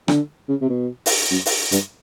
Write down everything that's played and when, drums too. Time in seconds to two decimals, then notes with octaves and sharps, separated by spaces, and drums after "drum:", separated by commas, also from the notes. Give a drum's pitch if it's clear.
0.08 D3, drum: rim click
0.49 C#3
0.61 C3
0.69 B2
1.06 drum: open hi-hat
1.31 F#2
1.46 drum: open hi-hat
1.72 G2, drum: hi-hat